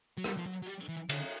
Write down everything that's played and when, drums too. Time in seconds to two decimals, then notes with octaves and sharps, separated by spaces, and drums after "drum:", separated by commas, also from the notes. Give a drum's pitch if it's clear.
0.18 F#3
0.24 G3, drum: rim click
0.37 F3
0.46 F#3
0.62 F#3
0.66 G3
0.88 E3
1.09 D3, drum: cymbal